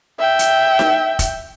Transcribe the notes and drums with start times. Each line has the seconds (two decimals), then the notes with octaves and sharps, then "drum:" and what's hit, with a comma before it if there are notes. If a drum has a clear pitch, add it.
0.19 E5 G5
0.39 drum: hi-hat
0.79 drum: snare D#4
1.19 drum: kick F1, hi-hat